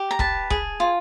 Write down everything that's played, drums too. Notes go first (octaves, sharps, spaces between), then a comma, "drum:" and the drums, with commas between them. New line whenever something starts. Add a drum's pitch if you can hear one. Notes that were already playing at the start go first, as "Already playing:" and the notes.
Already playing: G4
A#5
B4 A5, drum: kick
G#4, drum: kick
F4